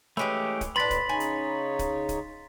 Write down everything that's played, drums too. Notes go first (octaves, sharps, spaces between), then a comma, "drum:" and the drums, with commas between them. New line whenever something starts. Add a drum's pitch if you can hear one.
E3 G#3 A3 C#4 G4 B5 F7
drum: kick, hi-hat
A2 D4 B4 B5 C6 A6 B6
drum: kick, hi-hat
C#3 D#4 C#5 G#5
drum: hi-hat
drum: kick, hi-hat
drum: kick, hi-hat